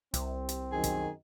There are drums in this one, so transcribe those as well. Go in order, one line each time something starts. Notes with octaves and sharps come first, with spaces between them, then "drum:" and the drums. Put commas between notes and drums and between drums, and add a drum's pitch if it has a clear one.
C2 C4, drum: kick, hi-hat
drum: hi-hat
F#2 D#3 G#4
drum: kick, hi-hat